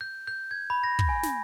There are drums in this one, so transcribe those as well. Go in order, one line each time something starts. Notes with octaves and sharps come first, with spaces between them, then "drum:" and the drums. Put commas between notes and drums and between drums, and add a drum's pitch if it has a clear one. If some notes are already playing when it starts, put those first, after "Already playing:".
G6
G6
G#6
B5
A#6
drum: kick
G#5
drum: snare